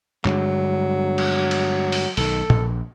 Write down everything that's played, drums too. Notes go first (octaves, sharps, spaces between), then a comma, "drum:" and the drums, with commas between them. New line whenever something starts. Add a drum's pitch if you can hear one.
G2 D3 F#3 G#3, drum: clap
drum: cymbal
drum: cymbal
drum: open hi-hat
B1 D#3 A4, drum: open hi-hat
A#1, drum: tom